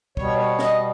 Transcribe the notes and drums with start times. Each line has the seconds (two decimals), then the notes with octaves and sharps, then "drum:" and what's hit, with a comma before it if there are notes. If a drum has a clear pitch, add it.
0.17 B2 G3 C#5, drum: kick
0.38 C#5
0.59 D#5, drum: snare